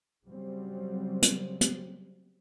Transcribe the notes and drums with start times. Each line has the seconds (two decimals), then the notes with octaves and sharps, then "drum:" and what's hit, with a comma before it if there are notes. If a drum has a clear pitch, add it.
0.26 C#3 F#3 G3 C4
1.22 drum: hi-hat
1.61 drum: hi-hat